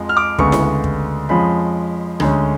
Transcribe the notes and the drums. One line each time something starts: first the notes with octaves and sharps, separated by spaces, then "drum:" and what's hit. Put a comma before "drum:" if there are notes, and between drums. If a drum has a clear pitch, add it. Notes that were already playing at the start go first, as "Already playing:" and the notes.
Already playing: F2 F3 G#3
F6
D6
D2 C#3 G#3 B3 C#6, drum: kick
drum: snare E4
drum: kick
F2 F3 G#3 C#4 B5
D2 D3 G#3 C#4, drum: rim click